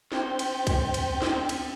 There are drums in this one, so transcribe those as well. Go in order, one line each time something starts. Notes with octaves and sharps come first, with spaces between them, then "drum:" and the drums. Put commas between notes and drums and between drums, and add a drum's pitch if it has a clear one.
C4 G5, drum: snare
drum: cymbal
drum: kick, cymbal
drum: cymbal
drum: snare
drum: cymbal